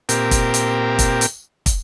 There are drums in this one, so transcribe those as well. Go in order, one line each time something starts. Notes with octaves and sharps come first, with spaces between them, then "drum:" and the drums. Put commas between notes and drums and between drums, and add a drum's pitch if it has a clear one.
A#2 C4 G4 A#4, drum: hi-hat
drum: kick, hi-hat
drum: hi-hat
drum: kick, hi-hat
drum: hi-hat
drum: kick, hi-hat